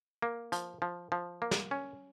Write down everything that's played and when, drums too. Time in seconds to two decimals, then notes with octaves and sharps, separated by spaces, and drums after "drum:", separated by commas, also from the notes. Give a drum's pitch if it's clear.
0.22 A#3
0.52 F3, drum: hi-hat
0.82 F3
1.12 F3
1.42 A#3
1.51 drum: snare
1.71 C#4